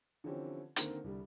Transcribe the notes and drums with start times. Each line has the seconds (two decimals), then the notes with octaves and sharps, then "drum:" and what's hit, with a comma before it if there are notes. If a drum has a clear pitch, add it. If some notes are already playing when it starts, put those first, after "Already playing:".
0.24 D3 E3 F3 C4 C#4 G4
0.76 D3 D#3 A#3 C4 A#4, drum: hi-hat
1.04 C2 D3 G3